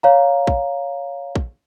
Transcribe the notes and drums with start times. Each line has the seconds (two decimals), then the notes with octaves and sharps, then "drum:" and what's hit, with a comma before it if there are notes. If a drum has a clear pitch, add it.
0.03 C#5 F5 A#5
0.47 drum: kick
1.35 drum: kick